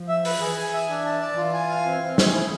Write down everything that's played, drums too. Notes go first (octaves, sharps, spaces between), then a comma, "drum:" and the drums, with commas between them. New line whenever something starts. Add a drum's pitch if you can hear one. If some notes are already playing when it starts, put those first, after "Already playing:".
Already playing: F3
E5
B4, drum: open hi-hat
E3 G#4
G#5
E5
D4
A5
D5
E3 F4
G#5
F5
C4
C4
G#4, drum: snare
E4